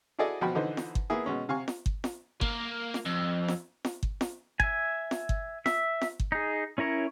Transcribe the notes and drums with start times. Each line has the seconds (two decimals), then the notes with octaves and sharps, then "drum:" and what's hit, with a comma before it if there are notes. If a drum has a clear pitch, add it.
0.19 E4 F#4 G#4 A4 D5 D#5
0.41 B2 F3 F#4 G5 B5
0.55 D3 E3 D#4 B4 C5
0.77 drum: snare F4
0.95 drum: kick G1
1.10 A#3 B3 E4 G#4
1.26 B2 G#3 C#4
1.49 C3 F5 G#5 C#6
1.68 drum: snare F4
1.86 drum: kick G1
2.04 drum: snare F4
2.41 A#3, drum: kick G1
2.94 drum: snare F4
3.06 F2
3.48 drum: snare F4
3.85 drum: snare F4
4.03 drum: kick G1
4.21 drum: snare F4
4.60 E5 G#5, drum: kick G1
5.11 drum: snare F4
5.29 drum: kick G1
5.66 E5, drum: snare F4
6.01 drum: snare F4
6.20 drum: kick G1
6.32 D#4 G#4
6.78 C#4 E4 A#4 C#5